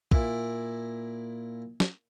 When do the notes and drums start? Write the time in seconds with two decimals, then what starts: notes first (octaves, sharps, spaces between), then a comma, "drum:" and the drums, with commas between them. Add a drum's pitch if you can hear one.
0.11 A#2 E4, drum: kick
1.80 drum: snare